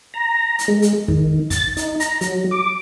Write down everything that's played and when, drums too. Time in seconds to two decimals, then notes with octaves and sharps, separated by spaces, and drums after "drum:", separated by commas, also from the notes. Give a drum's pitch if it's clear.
0.14 A#5
0.59 drum: hi-hat
0.68 G#3
0.82 drum: hi-hat
1.08 D#3, drum: kick
1.50 A6, drum: kick, hi-hat
1.77 D#4, drum: hi-hat
2.00 A#5, drum: hi-hat
2.21 F#3, drum: hi-hat
2.51 D6